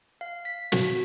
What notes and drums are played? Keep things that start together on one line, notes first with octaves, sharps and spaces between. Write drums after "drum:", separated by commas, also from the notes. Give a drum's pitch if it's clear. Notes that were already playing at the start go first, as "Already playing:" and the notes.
F5
B6
F#4, drum: snare